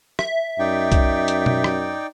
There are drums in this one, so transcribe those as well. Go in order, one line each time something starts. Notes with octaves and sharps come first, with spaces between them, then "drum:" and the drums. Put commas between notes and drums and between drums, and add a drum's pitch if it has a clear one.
E5, drum: rim click
F#2 D#4 D5 G5
drum: kick B1, hi-hat
drum: hi-hat
drum: tom B2
drum: rim click